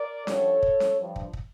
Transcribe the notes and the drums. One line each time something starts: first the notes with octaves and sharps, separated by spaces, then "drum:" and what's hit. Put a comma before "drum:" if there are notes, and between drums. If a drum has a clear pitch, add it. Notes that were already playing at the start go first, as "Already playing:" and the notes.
Already playing: A#4 D5
G2 D3 F3 A4 C#5, drum: snare C#4
drum: kick
drum: snare C#4
G2 F3
drum: kick
drum: kick